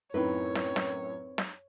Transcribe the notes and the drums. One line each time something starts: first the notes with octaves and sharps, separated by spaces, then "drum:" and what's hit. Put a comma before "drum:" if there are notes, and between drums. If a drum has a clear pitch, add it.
F#2 A2 C4 D#4 B4 C#5
drum: snare
drum: snare
drum: snare